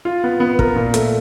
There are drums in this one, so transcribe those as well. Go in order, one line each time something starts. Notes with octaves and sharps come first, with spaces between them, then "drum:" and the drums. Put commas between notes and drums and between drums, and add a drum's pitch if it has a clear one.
F4
B3
B3
A#4, drum: kick
A#2
A3, drum: hi-hat